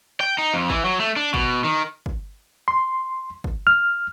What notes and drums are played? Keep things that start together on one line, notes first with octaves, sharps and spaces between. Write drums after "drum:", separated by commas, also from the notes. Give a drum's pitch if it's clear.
G5
D#4
F2
E3, drum: kick
F#3
A3
D4
B2, drum: kick
D#3
drum: kick
C6
drum: kick
F6